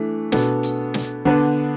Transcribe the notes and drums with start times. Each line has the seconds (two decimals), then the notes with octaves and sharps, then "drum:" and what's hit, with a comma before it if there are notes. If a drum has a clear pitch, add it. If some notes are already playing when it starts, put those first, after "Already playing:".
Already playing: E3 A3 D4
0.32 B2 B3 D4 A4, drum: snare
0.63 drum: hi-hat
0.94 drum: snare
1.25 D3 B3 D4 B4